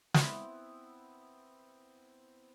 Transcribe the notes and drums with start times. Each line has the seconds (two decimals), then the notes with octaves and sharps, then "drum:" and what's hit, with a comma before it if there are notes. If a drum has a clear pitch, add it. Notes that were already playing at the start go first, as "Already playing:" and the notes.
0.14 B3 C4 E4, drum: snare